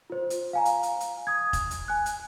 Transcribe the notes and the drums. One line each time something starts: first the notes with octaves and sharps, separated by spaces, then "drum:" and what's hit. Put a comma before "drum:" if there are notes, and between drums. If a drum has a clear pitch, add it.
F4 C5
drum: hi-hat
F5 G#5 A#5
drum: hi-hat
drum: hi-hat
drum: hi-hat
D#6 G#6
drum: kick F1, hi-hat
drum: hi-hat
G#5 F#6
drum: hi-hat